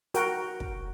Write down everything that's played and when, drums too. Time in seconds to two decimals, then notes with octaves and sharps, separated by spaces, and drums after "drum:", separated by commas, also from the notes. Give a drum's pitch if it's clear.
0.14 F#4 A#4 G5, drum: hi-hat
0.60 drum: kick